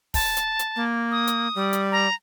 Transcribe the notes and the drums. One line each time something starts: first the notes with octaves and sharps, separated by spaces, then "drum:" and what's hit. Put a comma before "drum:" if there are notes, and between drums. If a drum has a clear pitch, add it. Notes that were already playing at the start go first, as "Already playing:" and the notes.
A5, drum: kick, open hi-hat
drum: hi-hat
drum: hi-hat
A#3
D#6
drum: hi-hat
G3
drum: hi-hat
A#5